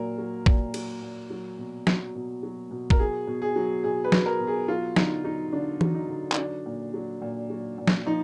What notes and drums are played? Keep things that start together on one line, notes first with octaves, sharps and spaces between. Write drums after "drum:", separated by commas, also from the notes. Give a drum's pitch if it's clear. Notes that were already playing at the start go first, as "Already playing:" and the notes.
Already playing: A#2 F#3 A#4
F#3
A#2, drum: kick A1
F#3, drum: cymbal
A#2
F#3
B2
F#3, drum: snare
B2
F#3
B2
A#4, drum: kick A1
F#3 G#4
B2
G#4
F#3
B2 G#4
B4
F#3, drum: snare
A#4
B2
G#4
F#3 F4
D3 D#4, drum: snare
F#3 D#4
D3 D4
F#3, drum: tom E3
D#4
D3
D#4, drum: clap
F#3 D4
A#2
F#3
A#2
F#3
A#2
drum: snare
F3 D#4